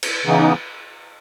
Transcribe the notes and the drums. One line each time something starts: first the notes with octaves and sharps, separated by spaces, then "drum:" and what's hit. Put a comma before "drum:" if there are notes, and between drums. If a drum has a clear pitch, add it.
drum: cymbal
C#3 E3 B3 D#4